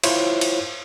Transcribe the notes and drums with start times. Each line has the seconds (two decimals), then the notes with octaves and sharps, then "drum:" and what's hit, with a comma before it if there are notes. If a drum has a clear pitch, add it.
0.04 E4 F4 C5 C#5, drum: cymbal
0.41 drum: cymbal